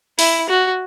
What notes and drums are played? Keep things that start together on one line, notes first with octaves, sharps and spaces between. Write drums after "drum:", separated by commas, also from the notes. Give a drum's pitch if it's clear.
E4, drum: open hi-hat
F#4